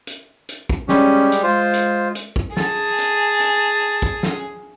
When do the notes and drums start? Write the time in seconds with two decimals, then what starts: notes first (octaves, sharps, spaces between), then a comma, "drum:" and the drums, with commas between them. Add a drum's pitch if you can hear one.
0.07 drum: hi-hat
0.49 drum: hi-hat
0.69 drum: kick
0.89 G3 G#3 C#4 G4, drum: snare
1.32 drum: hi-hat
1.43 G#3 F4 C5
1.73 drum: hi-hat
2.15 drum: hi-hat
2.36 drum: kick
2.57 G#4 A5, drum: snare
2.98 drum: hi-hat
3.40 drum: hi-hat
4.02 drum: kick
4.23 drum: snare